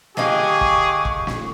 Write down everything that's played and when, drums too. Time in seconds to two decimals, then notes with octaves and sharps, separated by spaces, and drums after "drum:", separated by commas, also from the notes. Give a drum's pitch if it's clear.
0.17 D3 G4 G#4 D#5 F5 C#6, drum: snare
0.61 drum: kick
1.05 drum: kick
1.27 drum: snare